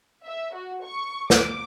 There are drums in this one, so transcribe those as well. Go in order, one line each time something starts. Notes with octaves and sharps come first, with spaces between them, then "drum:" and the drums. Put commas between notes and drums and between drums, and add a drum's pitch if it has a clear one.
E5
F#4
C#6
D6, drum: snare